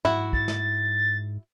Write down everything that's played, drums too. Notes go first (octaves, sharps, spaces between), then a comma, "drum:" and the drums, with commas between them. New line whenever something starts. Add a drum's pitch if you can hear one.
G#2 E4 F#4, drum: tom
A6, drum: kick
drum: snare